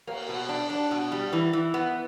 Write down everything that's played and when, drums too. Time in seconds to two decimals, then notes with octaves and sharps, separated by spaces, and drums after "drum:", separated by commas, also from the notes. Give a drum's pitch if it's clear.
0.07 A#3, drum: cymbal
0.29 B2
0.49 D4
0.70 D4
0.91 B2
1.12 G3
1.33 E3
1.53 E3
1.74 B3